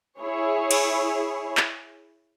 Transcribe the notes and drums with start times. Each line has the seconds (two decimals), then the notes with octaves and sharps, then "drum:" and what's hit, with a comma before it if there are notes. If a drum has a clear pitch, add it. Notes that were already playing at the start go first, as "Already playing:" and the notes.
0.20 E4 G#4 C#5
0.71 drum: cymbal
1.57 drum: clap